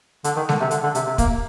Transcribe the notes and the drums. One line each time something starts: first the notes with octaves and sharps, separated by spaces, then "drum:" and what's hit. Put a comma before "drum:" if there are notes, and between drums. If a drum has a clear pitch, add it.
D3, drum: hi-hat
D#3
D3, drum: snare G#3
C3
D3, drum: hi-hat
D3
C3, drum: hi-hat
C3
A#3, drum: kick, hi-hat